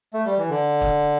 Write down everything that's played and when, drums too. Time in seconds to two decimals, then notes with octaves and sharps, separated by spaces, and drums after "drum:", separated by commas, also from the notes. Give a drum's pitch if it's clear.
0.14 A3
0.26 G3
0.38 E3
0.50 D3
0.81 drum: kick